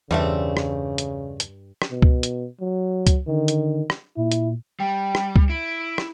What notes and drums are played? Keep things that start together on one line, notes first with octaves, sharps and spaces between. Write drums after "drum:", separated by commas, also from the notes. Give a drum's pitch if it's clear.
E2 G2 C#3 G3 A3 C4
drum: rim click
drum: hi-hat
drum: hi-hat
drum: rim click
B2
drum: kick C#2
drum: hi-hat
F#3
drum: kick C#2, hi-hat
D3 D#3
drum: hi-hat
drum: rim click
A#2 E4
drum: hi-hat
G3 G5
drum: rim click
drum: kick C#2
E4 D7
drum: rim click